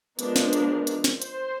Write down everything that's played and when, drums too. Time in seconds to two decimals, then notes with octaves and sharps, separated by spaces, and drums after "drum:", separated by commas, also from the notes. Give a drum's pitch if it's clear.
0.19 F3 G#3 B3 D4 A#4, drum: hi-hat
0.36 drum: snare
0.53 drum: hi-hat
0.87 drum: hi-hat
1.04 drum: snare
1.22 C5, drum: hi-hat